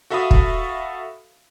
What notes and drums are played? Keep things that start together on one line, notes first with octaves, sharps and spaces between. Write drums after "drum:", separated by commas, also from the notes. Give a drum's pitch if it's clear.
F#4 A4 E5 F5 B5 D#6
drum: kick